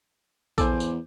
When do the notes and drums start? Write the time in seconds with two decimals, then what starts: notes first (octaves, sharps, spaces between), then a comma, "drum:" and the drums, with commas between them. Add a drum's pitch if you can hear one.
0.58 E2 A4 C5 G#5 D6, drum: kick A#1, tambourine
0.80 drum: tambourine